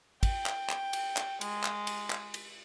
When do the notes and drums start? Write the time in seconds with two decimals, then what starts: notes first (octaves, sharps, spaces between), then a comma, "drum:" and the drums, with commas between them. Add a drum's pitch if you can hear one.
0.23 G5, drum: kick, cymbal
0.46 drum: clap
0.70 drum: clap
0.93 drum: cymbal
1.17 drum: clap
1.41 G#3, drum: cymbal
1.64 drum: clap
1.87 drum: cymbal
2.10 drum: clap
2.34 drum: cymbal